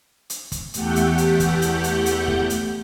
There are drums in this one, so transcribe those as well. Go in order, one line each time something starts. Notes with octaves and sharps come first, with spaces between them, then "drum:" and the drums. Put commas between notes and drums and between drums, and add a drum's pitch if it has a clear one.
drum: hi-hat
drum: kick, hi-hat
E2 A3 G4 F#5 G6, drum: hi-hat
drum: hi-hat
drum: hi-hat
drum: kick, hi-hat
drum: hi-hat
drum: hi-hat
drum: hi-hat
drum: kick
drum: hi-hat